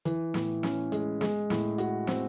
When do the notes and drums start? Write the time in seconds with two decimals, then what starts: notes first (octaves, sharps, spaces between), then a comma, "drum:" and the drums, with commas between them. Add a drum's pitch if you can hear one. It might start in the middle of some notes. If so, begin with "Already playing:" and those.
0.05 E3, drum: hi-hat
0.34 A2, drum: snare
0.63 C#4, drum: snare
0.92 G#3, drum: hi-hat
1.21 G#3, drum: snare
1.50 A2, drum: snare
1.78 F#4, drum: hi-hat
2.07 C4, drum: snare